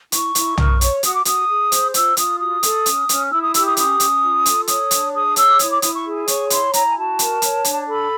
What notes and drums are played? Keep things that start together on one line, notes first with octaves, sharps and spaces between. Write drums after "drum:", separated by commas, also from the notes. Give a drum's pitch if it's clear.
E4 C#6, drum: hi-hat
E4, drum: hi-hat
A#4, drum: tom
C#5, drum: hi-hat
F#4 D#6, drum: hi-hat
D6
F#4 D#6, drum: hi-hat
G#4
C5, drum: hi-hat
F4 E6, drum: hi-hat
F4 D#6, drum: hi-hat
F#4 D#6
A4, drum: hi-hat
C#4, drum: hi-hat
C#4, drum: hi-hat
E4 E6
D#6
G4 E6, drum: hi-hat
D#6
C#4 D#6, drum: hi-hat
C#4, drum: hi-hat
F4
A4, drum: hi-hat
C#5 D#6, drum: hi-hat
D4, drum: hi-hat
G#4 D#6
C#5 E6, drum: hi-hat
D6
E4 D#6, drum: hi-hat
D6
E4 D#6, drum: hi-hat
C#6
G#4
C#5 C#6, drum: hi-hat
E4 C6, drum: hi-hat
E4 A#5, drum: hi-hat
G#5
F#4 A5
A#4, drum: hi-hat
C#5, drum: hi-hat
D4, drum: hi-hat
A4 B5